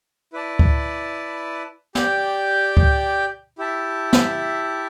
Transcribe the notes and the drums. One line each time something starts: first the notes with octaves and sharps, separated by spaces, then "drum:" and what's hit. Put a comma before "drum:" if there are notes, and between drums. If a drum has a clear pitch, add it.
E4 B4 D5 A5
drum: kick C#2
G4 D5 G5, drum: snare
drum: kick C#2
E4 G4 E5 A5
drum: snare